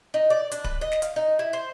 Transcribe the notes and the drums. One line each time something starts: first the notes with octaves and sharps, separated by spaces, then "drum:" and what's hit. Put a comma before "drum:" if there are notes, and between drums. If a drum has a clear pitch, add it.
D#4
D5
D4, drum: hi-hat
B4, drum: kick D1
D#5
drum: snare
F5, drum: hi-hat
D#4
E4
C5